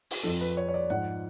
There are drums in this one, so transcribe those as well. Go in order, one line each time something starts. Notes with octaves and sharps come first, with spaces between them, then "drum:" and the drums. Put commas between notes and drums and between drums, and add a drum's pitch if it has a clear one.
drum: open hi-hat
F2 F3 A4
B4
C#5
C#5
D5
G#2 F3 F#5